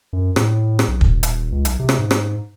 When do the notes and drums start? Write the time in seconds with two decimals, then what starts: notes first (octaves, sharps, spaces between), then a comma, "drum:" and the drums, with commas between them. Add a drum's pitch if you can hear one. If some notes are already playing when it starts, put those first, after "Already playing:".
0.13 F#2
0.36 A2, drum: rim click
0.79 drum: rim click
0.88 B1
1.01 D#1, drum: kick
1.23 drum: hi-hat
1.52 C#2
1.65 B1, drum: hi-hat
1.79 C3
1.89 drum: rim click
1.98 G#2
2.11 drum: rim click